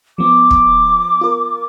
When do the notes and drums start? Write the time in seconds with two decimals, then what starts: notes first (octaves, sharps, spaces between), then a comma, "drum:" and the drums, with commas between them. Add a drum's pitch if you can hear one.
0.18 F3 B3 D6
0.51 drum: kick
1.21 F4 A#4